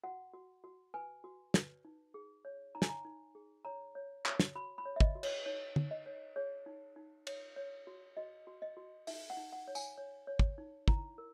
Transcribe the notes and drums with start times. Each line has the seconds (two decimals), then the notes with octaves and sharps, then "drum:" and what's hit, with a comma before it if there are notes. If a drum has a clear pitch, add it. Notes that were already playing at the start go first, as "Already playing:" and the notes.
0.03 F#4 F#5
0.34 F#4
0.64 F#4
0.94 B4 G#5
1.24 F#4
1.54 B4, drum: snare
1.85 D#4
2.14 G#4
2.45 C#5
2.75 D#4 A#5
2.82 G#5, drum: snare
2.89 A#5
3.05 D#4
3.35 G#4
3.65 C#5 A#5
3.95 C#5
4.26 C#5, drum: clap
4.40 drum: snare
4.55 F#4 B5
4.78 B5
4.85 C#5
4.96 E5
5.00 D#5, drum: kick
5.15 F#4
5.23 C#5, drum: cymbal
5.46 D#4 C#5
5.76 D#4, drum: tom
5.91 D#5
6.06 C#5
6.36 G#4 C#5
6.66 D#4
6.96 D#4
7.27 C#5, drum: cymbal
7.56 C#5
7.87 F#4
8.17 F#4 D#5
8.47 F#4
8.62 D#5
8.77 F#4
9.07 D#4 E5, drum: open hi-hat
9.30 F#5
9.37 D#4
9.53 F#5
9.68 C#5
9.75 G#5, drum: tambourine
9.98 C#5
10.27 C#5
10.39 drum: kick
10.58 D#4
10.88 E4 A#5, drum: kick
11.18 A#4